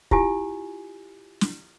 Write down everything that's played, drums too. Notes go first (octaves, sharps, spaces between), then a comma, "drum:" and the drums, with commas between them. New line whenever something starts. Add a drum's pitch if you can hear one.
E4 F4 G4 G#5, drum: kick
drum: snare